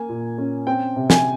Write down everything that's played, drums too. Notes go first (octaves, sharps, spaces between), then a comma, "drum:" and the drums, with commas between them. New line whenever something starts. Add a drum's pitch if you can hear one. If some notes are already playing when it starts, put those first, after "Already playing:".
Already playing: A#3 G#5
A#2
C#4
C4 G5
C3
G#5, drum: snare